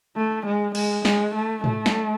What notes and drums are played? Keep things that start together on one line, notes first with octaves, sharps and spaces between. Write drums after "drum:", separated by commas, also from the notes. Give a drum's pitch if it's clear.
A3
G#3
G#3, drum: cymbal
G#3, drum: snare
A3
A3, drum: tom
drum: snare